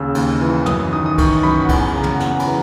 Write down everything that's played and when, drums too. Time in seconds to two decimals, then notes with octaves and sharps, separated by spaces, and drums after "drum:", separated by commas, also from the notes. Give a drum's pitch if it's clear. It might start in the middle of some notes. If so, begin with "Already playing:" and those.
Already playing: D#2 C#3 E6
0.15 D#2, drum: cymbal
0.41 E3
0.66 F#2 D#6, drum: tom
0.93 D#3 D#6
1.06 D#6
1.18 D#3 C#6, drum: kick C2, cymbal
1.43 F#2 B5
1.65 F#5
1.69 E2 G#5, drum: kick C2, cymbal
1.94 C#3 A#5
2.03 drum: tom
2.14 F#5
2.20 E2 G#5, drum: snare
2.40 B5, drum: cymbal
2.46 E3 A#5